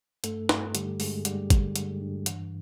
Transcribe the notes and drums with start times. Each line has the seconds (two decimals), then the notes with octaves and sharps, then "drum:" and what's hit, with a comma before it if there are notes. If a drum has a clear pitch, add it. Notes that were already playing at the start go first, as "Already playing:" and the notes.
0.24 G2 A3 A4, drum: hi-hat
0.49 G2, drum: snare
0.75 D3 G3 G4, drum: hi-hat
1.00 G2 G#3 G#4, drum: open hi-hat
1.25 G2 G3 G4, drum: hi-hat
1.50 D3, drum: kick G#1, hi-hat
1.76 G2, drum: hi-hat
2.01 G2
2.26 E3, drum: hi-hat